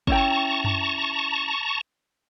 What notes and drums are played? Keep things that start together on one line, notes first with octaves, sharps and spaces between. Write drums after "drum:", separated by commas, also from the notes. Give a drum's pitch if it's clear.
C#4 E4 G5 A5 A#5 C#6, drum: kick
drum: tom F#2